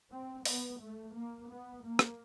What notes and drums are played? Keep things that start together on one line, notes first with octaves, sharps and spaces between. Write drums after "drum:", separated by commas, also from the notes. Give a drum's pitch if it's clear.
C4
B3, drum: open hi-hat
A3
A#3
B3
A#3
drum: rim click